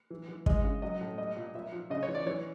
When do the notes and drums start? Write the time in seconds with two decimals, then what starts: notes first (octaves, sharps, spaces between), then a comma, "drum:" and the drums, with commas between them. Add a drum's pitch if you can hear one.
0.10 E3
0.28 E3
0.46 G#3 D#5, drum: kick
0.64 C#3
0.82 F#3 D#5
1.01 A2
1.18 G3 D#5
1.37 A#2
1.54 A#2 E5
1.72 F3
1.90 C#3 D#5
2.03 C#5
2.08 E3
2.15 D5
2.26 E3 C#5